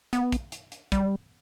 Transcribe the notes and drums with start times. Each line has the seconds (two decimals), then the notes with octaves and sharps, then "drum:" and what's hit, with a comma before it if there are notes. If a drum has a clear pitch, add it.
0.13 B3, drum: hi-hat
0.32 drum: kick, hi-hat
0.52 drum: hi-hat
0.72 drum: hi-hat
0.92 G3, drum: kick, hi-hat